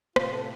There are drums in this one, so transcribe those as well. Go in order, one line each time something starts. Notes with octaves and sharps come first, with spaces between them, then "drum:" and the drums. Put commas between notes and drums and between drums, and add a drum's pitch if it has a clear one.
A2 C3 F4, drum: rim click
A4